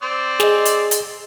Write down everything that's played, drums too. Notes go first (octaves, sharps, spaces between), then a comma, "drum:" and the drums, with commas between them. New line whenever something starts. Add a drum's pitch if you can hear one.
C4 C5 D5
G#4 D#5, drum: snare
drum: hi-hat
drum: hi-hat